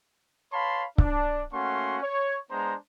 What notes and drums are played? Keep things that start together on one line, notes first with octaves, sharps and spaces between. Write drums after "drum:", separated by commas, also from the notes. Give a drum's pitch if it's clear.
B4 C#5 F5 A5 B5 C6
D4, drum: kick C#1
A3 A#3 C#4 F#4 F#5 C6
C#5
G#3 B3 D4 C5 A#5